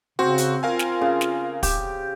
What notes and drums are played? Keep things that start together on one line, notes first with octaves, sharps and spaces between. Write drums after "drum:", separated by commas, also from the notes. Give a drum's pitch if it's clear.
C#3 C4 F#4
drum: hi-hat
F4 A#4 F5 G#5
drum: snare
C#3
drum: snare
G4, drum: kick, open hi-hat